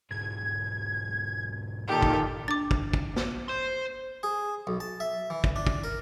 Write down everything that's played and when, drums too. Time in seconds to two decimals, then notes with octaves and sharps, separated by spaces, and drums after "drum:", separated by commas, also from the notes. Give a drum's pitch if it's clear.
0.11 B1 G#2 G#6
1.88 A#2 D#3 G4 A4
2.03 drum: kick
2.48 D4 D6 A6
2.71 drum: kick
2.94 drum: kick
3.16 drum: snare
3.48 C5 C6
4.23 G#4
4.67 B1
4.80 A5
5.00 E5
5.30 E3
5.44 drum: kick
5.56 D4
5.67 drum: kick
5.84 A#4